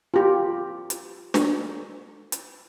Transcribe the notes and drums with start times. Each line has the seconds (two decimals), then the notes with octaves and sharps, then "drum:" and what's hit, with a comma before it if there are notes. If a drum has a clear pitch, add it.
0.14 F4 G4
0.90 drum: hi-hat
1.34 drum: snare
2.32 drum: hi-hat